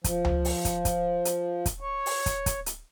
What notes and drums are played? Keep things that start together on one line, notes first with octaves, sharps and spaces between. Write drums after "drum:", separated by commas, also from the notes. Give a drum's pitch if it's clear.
F3, drum: kick, hi-hat
drum: tom C#2
drum: open hi-hat
drum: kick, hi-hat
drum: kick, hi-hat
drum: hi-hat
drum: kick, hi-hat
C#5
drum: open hi-hat
drum: kick, hi-hat
drum: kick, hi-hat
drum: hi-hat